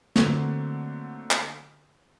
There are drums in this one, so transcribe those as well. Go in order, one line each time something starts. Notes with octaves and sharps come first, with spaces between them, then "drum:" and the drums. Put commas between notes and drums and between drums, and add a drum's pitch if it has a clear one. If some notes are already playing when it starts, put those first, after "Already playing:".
D3 F#3 A3 A#3 C4, drum: snare
drum: clap